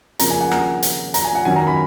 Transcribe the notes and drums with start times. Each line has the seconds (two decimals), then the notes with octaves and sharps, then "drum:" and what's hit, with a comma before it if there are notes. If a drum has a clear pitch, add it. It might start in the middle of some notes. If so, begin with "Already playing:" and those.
0.19 C#3 F3 A#3 A#5, drum: hi-hat
0.30 G#5
0.41 F#5
0.51 A#5, drum: rim click
0.83 drum: hi-hat
1.14 A#5, drum: hi-hat
1.25 G#5
1.35 F#5
1.45 D#3 F#3 C#4 G#5
1.56 A#5
1.67 B5